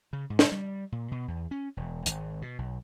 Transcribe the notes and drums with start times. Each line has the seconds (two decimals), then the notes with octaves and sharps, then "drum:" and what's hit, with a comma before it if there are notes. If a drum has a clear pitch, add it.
0.13 C#3
0.30 G#2
0.39 drum: snare
0.52 G3
0.92 A#2
1.11 B2
1.28 E2
1.51 C#4
1.77 E1
2.06 G#1, drum: hi-hat
2.42 B2
2.59 B1